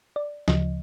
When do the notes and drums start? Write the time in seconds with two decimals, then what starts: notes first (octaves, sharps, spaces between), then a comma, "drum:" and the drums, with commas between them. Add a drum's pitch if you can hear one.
0.16 D5
0.48 D2 C#3 F3 D#5, drum: snare